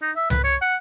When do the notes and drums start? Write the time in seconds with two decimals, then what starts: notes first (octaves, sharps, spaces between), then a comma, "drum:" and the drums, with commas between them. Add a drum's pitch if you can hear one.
0.02 D#4
0.16 E5
0.30 B4, drum: tom C2
0.44 C#5
0.62 F#5